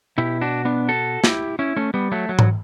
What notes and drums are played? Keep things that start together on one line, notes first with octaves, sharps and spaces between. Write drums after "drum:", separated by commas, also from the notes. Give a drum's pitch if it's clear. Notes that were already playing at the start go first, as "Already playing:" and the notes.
B2 E4 G4
D4 F#4
B3 D4
F#4 A4
E4 G4, drum: snare
C#4 E4
A3 C#4
G3 B3
F#3 A3
F#3
drum: tom G#2